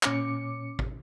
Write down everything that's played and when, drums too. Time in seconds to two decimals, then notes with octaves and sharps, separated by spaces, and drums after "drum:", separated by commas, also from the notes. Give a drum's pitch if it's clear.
0.03 A#2 C#4 D6 C#7, drum: clap
0.79 drum: kick